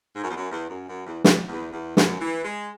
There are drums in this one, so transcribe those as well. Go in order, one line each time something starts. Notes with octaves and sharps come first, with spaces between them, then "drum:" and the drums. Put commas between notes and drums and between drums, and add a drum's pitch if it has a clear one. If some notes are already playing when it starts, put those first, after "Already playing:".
G#2
F#2
E2
F#2
E2
F#2
F#2
E2
E2, drum: snare
E2
E2
F#2, drum: snare
E3
G#3